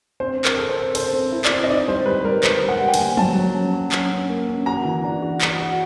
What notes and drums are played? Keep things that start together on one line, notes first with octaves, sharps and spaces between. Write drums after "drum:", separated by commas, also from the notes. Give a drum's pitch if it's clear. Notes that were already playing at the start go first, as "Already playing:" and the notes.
C4 C5
C4
A#4, drum: clap
A4
C5
A4
A4 C5, drum: cymbal
C4
E4
D5, drum: clap
C4
D#5
D#4 D5
G3 C5
G3 B4
G3 A#4
G3 C5, drum: clap
G3
F#5
G3
G5
G#5, drum: cymbal
A#3
F#3 A5, drum: tom
F#3
C#4
F#3
C#4, drum: clap
C#4
A#3
C#4
F#4 A#5
E3
D4
F#4
F#4, drum: clap
F#4